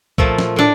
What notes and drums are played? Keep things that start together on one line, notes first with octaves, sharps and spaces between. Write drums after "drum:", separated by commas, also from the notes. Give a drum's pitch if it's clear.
A#2 F3 A3, drum: kick C2
drum: snare
A2 D4